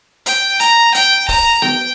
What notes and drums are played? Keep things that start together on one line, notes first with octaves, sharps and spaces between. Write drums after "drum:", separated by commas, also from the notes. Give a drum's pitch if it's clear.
G5, drum: hi-hat
A#5, drum: hi-hat
G5, drum: hi-hat
A#5, drum: kick, open hi-hat
G5, drum: snare B3